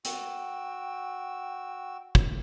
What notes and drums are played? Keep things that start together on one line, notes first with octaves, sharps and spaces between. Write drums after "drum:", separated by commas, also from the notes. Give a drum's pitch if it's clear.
F#4 G5 E6, drum: hi-hat
drum: kick